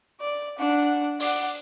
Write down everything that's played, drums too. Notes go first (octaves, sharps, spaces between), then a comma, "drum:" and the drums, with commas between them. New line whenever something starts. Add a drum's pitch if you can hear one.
D5
D4 F#5
D5 F#5, drum: open hi-hat